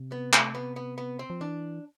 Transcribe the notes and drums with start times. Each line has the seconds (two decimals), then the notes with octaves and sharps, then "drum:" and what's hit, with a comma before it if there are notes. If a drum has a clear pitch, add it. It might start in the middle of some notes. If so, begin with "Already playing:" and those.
Already playing: C3
0.12 B3
0.33 A3, drum: clap
0.55 B3
0.76 B3
0.98 B3
1.19 C4
1.30 F3
1.41 E3 D4